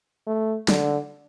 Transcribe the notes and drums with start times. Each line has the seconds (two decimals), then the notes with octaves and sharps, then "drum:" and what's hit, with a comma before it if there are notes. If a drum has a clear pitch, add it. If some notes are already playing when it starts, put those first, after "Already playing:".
0.27 A3
0.68 D3, drum: snare